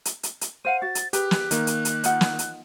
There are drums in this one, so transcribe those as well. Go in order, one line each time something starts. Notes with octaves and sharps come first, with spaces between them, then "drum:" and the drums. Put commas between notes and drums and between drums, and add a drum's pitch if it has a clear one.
drum: hi-hat
drum: hi-hat
drum: hi-hat
C5 F5 F#5 D#7
F#4 A6
drum: hi-hat
G4 G#4 B4 F#6, drum: hi-hat
drum: snare
D#3 A#3, drum: hi-hat
drum: hi-hat
drum: hi-hat
D#4 F4 F#5, drum: hi-hat
drum: snare
drum: hi-hat